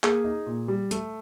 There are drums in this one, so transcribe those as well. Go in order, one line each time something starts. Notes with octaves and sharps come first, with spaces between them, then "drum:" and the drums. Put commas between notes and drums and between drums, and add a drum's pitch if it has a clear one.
A#3 G#4, drum: clap
D#4
A#2
G3
A3, drum: hi-hat